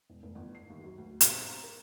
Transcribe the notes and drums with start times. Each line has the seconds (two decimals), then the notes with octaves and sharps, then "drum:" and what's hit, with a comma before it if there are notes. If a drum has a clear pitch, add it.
0.10 E1
0.23 F1
0.35 G1
0.55 C7
0.70 D#2
0.83 F#2
0.98 D2
1.21 B1, drum: hi-hat
1.34 C4
1.47 A#5
1.63 A#4